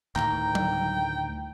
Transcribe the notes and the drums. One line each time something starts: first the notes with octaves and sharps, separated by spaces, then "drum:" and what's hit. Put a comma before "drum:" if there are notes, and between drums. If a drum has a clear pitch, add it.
D2 A2 D#3 G5 A#5, drum: clap
drum: tom F#3